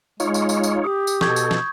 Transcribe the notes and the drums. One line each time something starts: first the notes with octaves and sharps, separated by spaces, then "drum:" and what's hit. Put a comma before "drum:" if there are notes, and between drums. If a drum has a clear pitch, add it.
G#3 D#4 F4 C#5, drum: tambourine
drum: tambourine
drum: tambourine
drum: tambourine
G4 D#6
drum: tambourine
B2 A4 C#6 G6 G#6, drum: snare
drum: tambourine
drum: snare